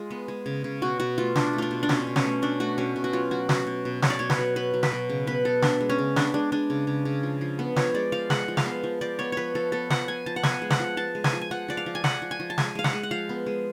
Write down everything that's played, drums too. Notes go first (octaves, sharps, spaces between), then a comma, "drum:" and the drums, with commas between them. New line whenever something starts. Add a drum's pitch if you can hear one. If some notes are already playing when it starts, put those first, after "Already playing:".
Already playing: G#3 F4
B3
G#3
C#3
C#3
B2 F#4
B2 F#4
A3 F4
B2 D4, drum: snare
A3
D4 F4
B2
D4
B2 C#4, drum: snare
B2
C#4, drum: snare
A3
B2 D4
A3 F#4
B2 C#4
B2
F#4
F#3 F4
F#3 F#4
F#3 F#4, drum: snare
B2
B2
B2 C#5, drum: snare
D5
B2 C#5
B4, drum: snare
F#3
B3 B4
F#3
B4, drum: snare
B2
C#3
B3 B4
B3 A4
B3 D4, drum: snare
G#3
C#4
C#3
B3 D4, drum: snare
G#3 D4
G#3 D4
C#3
C#3
C#3
F3
F3
B3
F3 C#5, drum: snare
G#3 D5
F3 F5
G#3 F#5, drum: snare
F3
F5, drum: snare
B3
F3
F3 D5
B3 C#5
F3 B4 C#5
F3 A4
B3 A4
F3 F#5, drum: snare
F3 G#5
F3 A5
F#5
B3 G#5, drum: snare
G#3
F#5, drum: snare
F3
F3 A5
G#3
G#5, drum: snare
F3
G#5
F3 F#5
F3 D5
F5
F3
G#5
F3 F#5, drum: snare
F3
G#5
F3
A5
G#3 G#5, drum: snare
G#3 F5
F#5, drum: snare
G#3
F#5
F3 F5
B3
G#3